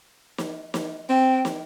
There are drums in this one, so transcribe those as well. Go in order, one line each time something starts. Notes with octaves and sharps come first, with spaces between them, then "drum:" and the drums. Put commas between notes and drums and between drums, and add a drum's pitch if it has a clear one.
drum: snare
drum: snare
C4 G5
drum: snare